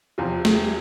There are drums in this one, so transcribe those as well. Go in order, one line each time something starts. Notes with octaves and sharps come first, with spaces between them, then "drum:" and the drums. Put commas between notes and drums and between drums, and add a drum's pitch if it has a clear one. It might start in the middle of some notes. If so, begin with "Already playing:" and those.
E2 C3 F3 F4
G#4, drum: snare